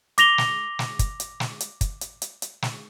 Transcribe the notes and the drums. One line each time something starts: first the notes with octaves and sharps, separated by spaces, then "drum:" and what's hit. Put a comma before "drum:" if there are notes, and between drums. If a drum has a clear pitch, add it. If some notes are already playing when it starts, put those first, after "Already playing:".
D6 A#6 F7 G7, drum: hi-hat
drum: snare
drum: snare
drum: kick, hi-hat
drum: hi-hat
drum: snare
drum: hi-hat
drum: kick, hi-hat
drum: hi-hat
drum: hi-hat
drum: hi-hat
drum: snare